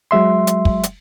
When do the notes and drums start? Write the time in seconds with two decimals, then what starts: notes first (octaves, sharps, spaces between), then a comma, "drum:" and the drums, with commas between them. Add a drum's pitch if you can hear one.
0.11 F#3 G#3 E5 C6
0.47 drum: hi-hat
0.65 drum: kick
0.83 drum: hi-hat